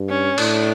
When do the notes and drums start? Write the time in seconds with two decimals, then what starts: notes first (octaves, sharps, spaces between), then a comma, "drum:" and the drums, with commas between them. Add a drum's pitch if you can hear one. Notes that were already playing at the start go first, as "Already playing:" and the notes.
Already playing: G2
0.10 C#4
0.38 A2 D4, drum: cymbal